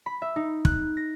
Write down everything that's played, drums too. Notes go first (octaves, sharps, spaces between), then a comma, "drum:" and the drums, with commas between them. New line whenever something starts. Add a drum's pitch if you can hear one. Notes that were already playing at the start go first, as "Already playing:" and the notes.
B5
E5
D#4
F#6, drum: kick
A#6